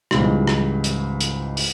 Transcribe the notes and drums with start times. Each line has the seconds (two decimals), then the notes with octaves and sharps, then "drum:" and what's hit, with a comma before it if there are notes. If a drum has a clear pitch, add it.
0.11 C#2 G#2 E3 G3, drum: rim click
0.47 drum: rim click
0.84 drum: hi-hat
1.21 drum: hi-hat
1.57 drum: open hi-hat